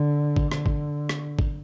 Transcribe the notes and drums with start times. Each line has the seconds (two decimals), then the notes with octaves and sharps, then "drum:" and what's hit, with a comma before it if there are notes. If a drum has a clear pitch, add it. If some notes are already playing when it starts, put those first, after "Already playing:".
Already playing: D3
0.36 drum: kick
0.52 D3, drum: rim click
0.66 drum: kick
1.09 drum: rim click
1.39 drum: kick